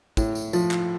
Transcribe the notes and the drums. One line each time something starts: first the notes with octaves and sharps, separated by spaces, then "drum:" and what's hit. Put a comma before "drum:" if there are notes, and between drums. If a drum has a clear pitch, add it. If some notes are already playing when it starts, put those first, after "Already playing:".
A2, drum: kick, tambourine
drum: tambourine
F3, drum: tambourine
drum: clap